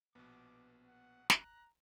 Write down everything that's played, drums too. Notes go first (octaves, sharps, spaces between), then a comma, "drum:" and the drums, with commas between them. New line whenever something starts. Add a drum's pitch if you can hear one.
A#1 B2 B3 D6
F#5
A#5 F#6, drum: snare